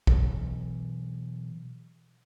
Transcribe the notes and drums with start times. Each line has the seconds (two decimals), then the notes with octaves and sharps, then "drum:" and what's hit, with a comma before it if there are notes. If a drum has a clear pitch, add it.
0.07 B2 E3 F#3, drum: kick